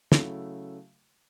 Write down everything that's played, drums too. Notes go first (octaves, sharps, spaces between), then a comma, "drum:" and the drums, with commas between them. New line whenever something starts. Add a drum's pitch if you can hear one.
C#3 F#3 A3 E4, drum: snare